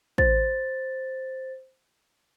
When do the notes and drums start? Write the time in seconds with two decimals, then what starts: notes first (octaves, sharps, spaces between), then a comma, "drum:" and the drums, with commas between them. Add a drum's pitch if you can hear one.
0.18 C5 A6, drum: kick